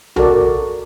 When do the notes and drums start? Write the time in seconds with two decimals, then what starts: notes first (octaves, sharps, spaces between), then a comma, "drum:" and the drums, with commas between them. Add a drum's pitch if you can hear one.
0.16 F#4 A4 A#4 D5, drum: tom B1